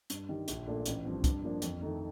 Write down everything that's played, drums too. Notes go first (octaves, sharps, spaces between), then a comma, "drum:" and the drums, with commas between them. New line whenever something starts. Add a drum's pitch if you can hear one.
G2, drum: hi-hat
D#3 G3
A#1, drum: hi-hat
A#2 A3 D4 F4
A1, drum: hi-hat
G2 F3 C4
G2, drum: kick, hi-hat
F3 A#3 D4
F2, drum: hi-hat
D#3 A3 D#4